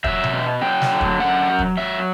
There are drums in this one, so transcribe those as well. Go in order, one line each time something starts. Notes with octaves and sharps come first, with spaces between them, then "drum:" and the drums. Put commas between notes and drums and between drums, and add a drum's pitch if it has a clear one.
F#3 E5, drum: kick
drum: tom B2
B2
F#3 G5
drum: snare
D3
drum: kick
F#2 F#5
F#3
drum: kick
F#3 E5